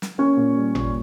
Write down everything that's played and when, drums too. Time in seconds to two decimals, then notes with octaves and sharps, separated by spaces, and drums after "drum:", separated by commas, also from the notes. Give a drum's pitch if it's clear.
0.02 drum: snare
0.18 A#3 C#4
0.37 A#2
0.56 G3
0.75 A#2, drum: tom G#1